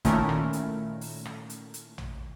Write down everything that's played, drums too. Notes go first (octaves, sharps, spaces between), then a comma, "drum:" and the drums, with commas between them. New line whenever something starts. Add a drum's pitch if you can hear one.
A#2 D#3 A3 C#4 E4 A#4, drum: kick, hi-hat
drum: rim click
drum: hi-hat
drum: open hi-hat
drum: rim click
drum: hi-hat
drum: hi-hat
drum: tom A1